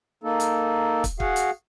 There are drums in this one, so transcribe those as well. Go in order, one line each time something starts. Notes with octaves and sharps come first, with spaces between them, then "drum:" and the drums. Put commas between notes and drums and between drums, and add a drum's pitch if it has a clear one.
A#3 D#4 A4
drum: hi-hat
drum: kick, hi-hat
F#4 G#4 F5 F#5, drum: kick
drum: hi-hat